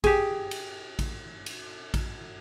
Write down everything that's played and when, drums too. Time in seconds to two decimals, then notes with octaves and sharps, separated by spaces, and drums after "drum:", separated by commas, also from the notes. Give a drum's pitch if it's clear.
0.04 G4 G#4, drum: kick A1, cymbal
0.51 drum: cymbal
0.99 drum: kick A1, cymbal
1.46 drum: cymbal
1.94 drum: kick A1, cymbal